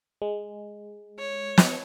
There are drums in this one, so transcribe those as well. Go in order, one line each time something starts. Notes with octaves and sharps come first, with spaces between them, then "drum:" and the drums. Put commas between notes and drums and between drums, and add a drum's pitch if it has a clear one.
G#3
C#5
drum: snare